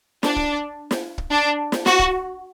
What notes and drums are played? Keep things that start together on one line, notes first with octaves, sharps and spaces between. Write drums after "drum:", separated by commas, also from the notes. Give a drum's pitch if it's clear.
D4, drum: snare
drum: kick
drum: snare
drum: kick
D4
drum: snare
F#4, drum: snare
drum: kick